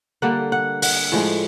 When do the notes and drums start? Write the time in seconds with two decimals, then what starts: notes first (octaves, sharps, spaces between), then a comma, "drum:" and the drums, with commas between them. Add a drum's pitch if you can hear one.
0.22 D3 G3 A#3 F#5
0.52 F#5
0.82 F#5, drum: open hi-hat
1.12 A2 F3 G#3